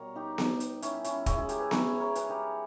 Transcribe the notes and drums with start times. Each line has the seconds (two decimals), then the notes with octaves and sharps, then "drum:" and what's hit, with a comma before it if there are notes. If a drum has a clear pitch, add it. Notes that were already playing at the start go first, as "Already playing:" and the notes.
Already playing: B2 G3 A#4 C#5
0.16 D#4 G4
0.38 drum: snare B3
0.60 drum: hi-hat
0.82 C#4 E4, drum: hi-hat
1.04 C#4 E4, drum: hi-hat
1.26 C#3 G#3 C#4 E4, drum: kick, hi-hat
1.37 E4 G#4
1.49 G4 A#4, drum: hi-hat
1.60 G#4 B4
1.71 A#4 C#5, drum: snare B3
2.00 A#4 C#5
2.15 G#4 B4, drum: hi-hat
2.30 G4 A#4